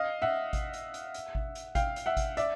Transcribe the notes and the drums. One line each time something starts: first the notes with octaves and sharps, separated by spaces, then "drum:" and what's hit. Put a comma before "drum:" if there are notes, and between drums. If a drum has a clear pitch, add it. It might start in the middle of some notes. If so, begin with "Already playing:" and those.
Already playing: D#5 F5
E5 F#5
drum: kick G#1, hi-hat
drum: hi-hat
drum: hi-hat
drum: hi-hat
drum: kick G#1
drum: hi-hat
F5 G5, drum: kick G#1, hi-hat
drum: hi-hat
E5 F#5
drum: kick G#1, hi-hat
D5 E5, drum: hi-hat